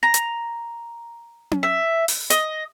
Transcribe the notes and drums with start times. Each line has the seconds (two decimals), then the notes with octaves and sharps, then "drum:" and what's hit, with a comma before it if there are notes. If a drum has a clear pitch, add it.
0.03 A#5
0.14 drum: hi-hat
1.51 drum: tom C#4
1.63 E5
2.08 drum: open hi-hat
2.30 D#5, drum: hi-hat